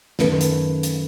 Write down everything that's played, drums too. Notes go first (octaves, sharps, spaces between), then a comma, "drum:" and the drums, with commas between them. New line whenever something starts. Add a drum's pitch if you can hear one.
F#2 D#3 A3 B4, drum: snare
drum: hi-hat
drum: hi-hat